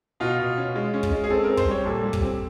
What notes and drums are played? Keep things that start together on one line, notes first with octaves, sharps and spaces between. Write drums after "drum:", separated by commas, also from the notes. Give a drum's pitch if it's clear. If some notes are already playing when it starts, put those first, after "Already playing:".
B2 F4
B2
C#4
G#3
C#4
drum: kick
G#3
G#4
C4 A4
C4 A#4
C5, drum: kick
G3 C#5
A#2 A4
G3
drum: kick
C4